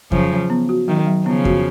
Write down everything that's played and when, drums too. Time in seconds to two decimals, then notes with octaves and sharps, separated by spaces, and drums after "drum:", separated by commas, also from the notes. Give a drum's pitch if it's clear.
0.12 C#3 F3 F#3, drum: kick F2
0.31 F#3
0.50 B3
0.69 F#4
0.88 D#3 F#3
1.07 F#3
1.26 C#3 F3 B3
1.45 F#4, drum: kick F2